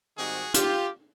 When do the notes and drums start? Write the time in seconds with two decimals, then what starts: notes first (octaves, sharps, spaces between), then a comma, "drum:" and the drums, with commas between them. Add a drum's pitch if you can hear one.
0.17 G#2 D#3 G3 C4 D#4 F#4 G#4
0.54 F4 G4, drum: hi-hat